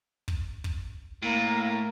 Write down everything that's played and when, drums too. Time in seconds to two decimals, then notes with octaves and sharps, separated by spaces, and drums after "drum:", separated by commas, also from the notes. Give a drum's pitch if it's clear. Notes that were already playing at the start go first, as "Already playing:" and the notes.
0.28 drum: kick
0.64 drum: kick
1.22 A2 A#3